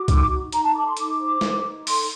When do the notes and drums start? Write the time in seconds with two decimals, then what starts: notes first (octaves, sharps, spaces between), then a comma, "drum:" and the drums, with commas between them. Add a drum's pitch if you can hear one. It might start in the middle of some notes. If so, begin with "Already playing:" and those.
Already playing: F#4 D6
0.08 D#4, drum: kick, hi-hat
0.30 D#4
0.52 D#4 A#5, drum: hi-hat
0.64 A5
0.76 A4 D6
0.86 C6
0.97 D#4 D6, drum: hi-hat
1.20 C5
1.41 D#4, drum: snare
1.63 D#4
1.87 A4 C6, drum: open hi-hat